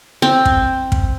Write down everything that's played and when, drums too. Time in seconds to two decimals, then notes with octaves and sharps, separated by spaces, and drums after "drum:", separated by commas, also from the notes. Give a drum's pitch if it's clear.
0.22 C4
0.45 drum: kick
0.92 drum: kick